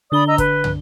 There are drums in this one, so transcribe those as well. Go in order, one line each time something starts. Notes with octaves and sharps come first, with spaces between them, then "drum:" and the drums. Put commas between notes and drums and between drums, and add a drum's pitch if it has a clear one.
D3 D4 D5 B5 D#6 G7
D#5 A#5 E6
B4, drum: kick, hi-hat
drum: tom